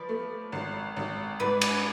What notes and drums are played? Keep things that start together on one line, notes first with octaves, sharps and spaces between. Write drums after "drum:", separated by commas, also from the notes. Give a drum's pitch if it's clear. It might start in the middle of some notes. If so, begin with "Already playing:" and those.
Already playing: F3 B4 D5
A3
G#1
G#1
G#2 B4 D5
B4 D5, drum: cymbal